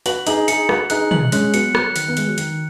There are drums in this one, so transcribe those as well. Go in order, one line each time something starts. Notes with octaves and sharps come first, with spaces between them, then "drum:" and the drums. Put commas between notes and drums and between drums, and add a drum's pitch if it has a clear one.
F#4 B4 F#7, drum: hi-hat
D#4 G#4 F#7, drum: hi-hat
D#4 G#4 C#7, drum: hi-hat
F#4 B4 C#7, drum: rim click
D#4 G#4 F#6, drum: hi-hat
F#7, drum: tom
G#3 C#4 F#6, drum: hi-hat
F#3 B3 C#7, drum: hi-hat
F#3 F#6, drum: rim click
D#3 F#6, drum: hi-hat
B3
G#3 F#6, drum: hi-hat
F#3
D#3 F#6, drum: hi-hat